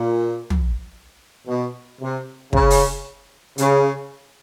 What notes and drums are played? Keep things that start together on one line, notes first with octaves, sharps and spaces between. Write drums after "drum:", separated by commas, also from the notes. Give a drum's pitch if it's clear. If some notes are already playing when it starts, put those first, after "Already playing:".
Already playing: A#2
drum: tom
B2
C3
C#3, drum: kick
drum: open hi-hat
C#3, drum: hi-hat